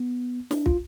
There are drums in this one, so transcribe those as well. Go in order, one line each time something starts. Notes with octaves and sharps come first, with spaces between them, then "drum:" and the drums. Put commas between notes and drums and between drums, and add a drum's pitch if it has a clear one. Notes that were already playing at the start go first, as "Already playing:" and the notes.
Already playing: B3
D4, drum: snare
F4, drum: kick